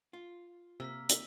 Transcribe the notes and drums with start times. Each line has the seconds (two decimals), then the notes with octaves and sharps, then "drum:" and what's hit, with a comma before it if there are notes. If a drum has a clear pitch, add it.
0.13 F4
0.80 C3 A#3 E6 B6
1.09 drum: hi-hat